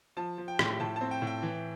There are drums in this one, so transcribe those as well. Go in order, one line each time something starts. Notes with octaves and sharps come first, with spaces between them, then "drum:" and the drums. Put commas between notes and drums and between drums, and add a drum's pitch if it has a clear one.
F3 A5
F3
G5
A2, drum: rim click
A2 A5
C4 A5
G5
A2
G5
E3